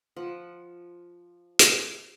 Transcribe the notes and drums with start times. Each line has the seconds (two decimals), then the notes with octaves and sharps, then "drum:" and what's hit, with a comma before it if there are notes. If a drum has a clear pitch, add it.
0.16 F3 F#5
1.59 drum: hi-hat